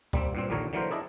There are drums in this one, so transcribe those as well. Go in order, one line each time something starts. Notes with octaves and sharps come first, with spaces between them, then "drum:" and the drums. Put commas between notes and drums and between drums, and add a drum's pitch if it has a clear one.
G3 A#3 C4, drum: kick
G2 A#2 C4
A#1 D#2 A#2 D3 A#4 C#5
D3 E3 F#3 A#3 A#4 C5
D4 E4 G#4 D5 D#5